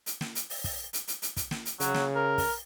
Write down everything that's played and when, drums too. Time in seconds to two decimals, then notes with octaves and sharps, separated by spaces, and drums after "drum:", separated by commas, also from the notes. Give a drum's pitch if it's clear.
0.06 drum: hi-hat
0.21 drum: snare
0.35 drum: hi-hat
0.50 drum: open hi-hat
0.64 drum: kick, open hi-hat
0.93 drum: hi-hat
1.08 drum: hi-hat
1.22 drum: hi-hat
1.37 drum: kick, hi-hat
1.51 drum: snare
1.65 drum: hi-hat
1.80 C#3 F#3, drum: hi-hat
1.94 drum: snare
2.15 A#4
2.38 drum: kick, open hi-hat